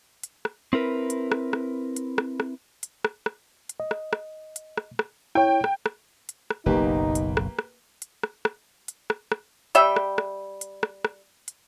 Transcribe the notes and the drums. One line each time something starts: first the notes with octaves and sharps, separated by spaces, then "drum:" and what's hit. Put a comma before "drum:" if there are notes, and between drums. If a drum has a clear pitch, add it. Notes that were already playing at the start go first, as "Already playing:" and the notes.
drum: hi-hat
drum: rim click
C4 E4 A#4 B4
drum: hi-hat
drum: rim click
drum: rim click
drum: hi-hat
drum: rim click
drum: rim click
drum: hi-hat
drum: rim click
drum: rim click
drum: hi-hat
D#5
drum: rim click
drum: rim click
drum: hi-hat
drum: rim click
drum: rim click
E4 C#5 G5
drum: rim click
drum: rim click
drum: hi-hat
drum: rim click
F#1 B1 A#3 D#4 G4 B4
drum: hi-hat
drum: rim click
drum: rim click
drum: hi-hat
drum: rim click
drum: rim click
drum: hi-hat
drum: rim click
drum: rim click
G3 E5 G5, drum: hi-hat
drum: rim click
drum: rim click
drum: hi-hat
drum: rim click
drum: rim click
drum: hi-hat